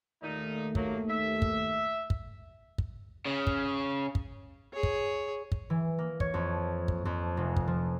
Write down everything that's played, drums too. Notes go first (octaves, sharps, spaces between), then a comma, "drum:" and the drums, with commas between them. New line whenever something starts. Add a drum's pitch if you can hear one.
D#2 A#2 A3 D#4
F#3 A#3, drum: kick
E5
drum: kick
drum: kick
drum: kick
C#3
drum: kick
drum: kick
G#4 C#5
drum: kick
drum: kick
E3
A#3
C#5, drum: kick
F2
drum: kick
F2
F1
drum: kick
F3